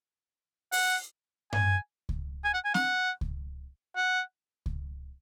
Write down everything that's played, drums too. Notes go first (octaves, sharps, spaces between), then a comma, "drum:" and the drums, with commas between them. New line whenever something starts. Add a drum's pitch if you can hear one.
F#5, drum: open hi-hat
G#5, drum: tom G2
drum: kick C#2
G#5
F#5
G#5
F#5, drum: snare C4
drum: kick C#2
F#5
drum: kick C#2